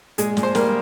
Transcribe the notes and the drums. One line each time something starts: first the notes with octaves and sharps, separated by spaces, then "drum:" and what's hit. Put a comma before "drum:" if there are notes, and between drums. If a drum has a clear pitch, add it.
A#2 G#3 G#4, drum: hi-hat
A#2, drum: snare
C5
G3 A#3 A#4, drum: snare